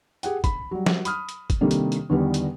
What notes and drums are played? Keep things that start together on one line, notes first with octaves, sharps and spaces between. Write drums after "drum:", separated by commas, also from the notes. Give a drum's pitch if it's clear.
G4 G#4 F#5 G5, drum: hi-hat
B5, drum: kick, hi-hat
F#3 G3
drum: snare
B5 D#6 F6, drum: hi-hat
drum: hi-hat
drum: kick, hi-hat
C3 D#3 G3 A#3 D4 A4
drum: hi-hat
drum: hi-hat
E2 D3 D#3 G3 B3
drum: hi-hat